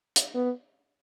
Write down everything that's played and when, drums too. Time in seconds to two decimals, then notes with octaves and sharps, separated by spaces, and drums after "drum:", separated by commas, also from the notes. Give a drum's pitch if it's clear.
0.16 drum: hi-hat
0.35 B3